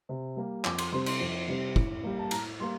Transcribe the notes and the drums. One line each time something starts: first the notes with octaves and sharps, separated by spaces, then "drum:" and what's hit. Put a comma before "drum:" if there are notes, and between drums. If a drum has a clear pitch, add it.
C3
G3 A#3
F2 D6, drum: clap
C6, drum: cymbal
C3 G3 C4 C6
C6, drum: cymbal
F2
C3 G3 C4
A2, drum: kick
G3 A#3
A5
A2 A#5, drum: cymbal
G3 A#3 C6